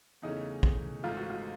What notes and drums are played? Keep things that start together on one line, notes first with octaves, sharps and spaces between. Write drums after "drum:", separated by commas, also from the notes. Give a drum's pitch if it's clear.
E2 C#3 E3 A3 C#4 D#4
drum: kick
G#1 G#2 E3 A3 F4
F#4
F4